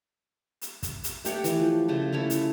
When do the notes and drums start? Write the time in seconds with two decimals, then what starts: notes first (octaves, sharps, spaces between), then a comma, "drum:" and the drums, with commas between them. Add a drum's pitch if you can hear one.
0.62 drum: hi-hat
0.83 drum: kick, hi-hat
1.04 drum: hi-hat
1.25 A3 G4 C#5 F#5, drum: hi-hat
1.44 E3, drum: hi-hat
1.60 F3
1.88 C#3 A3 C5
2.12 C#4 E4 A4 C#5
2.30 drum: hi-hat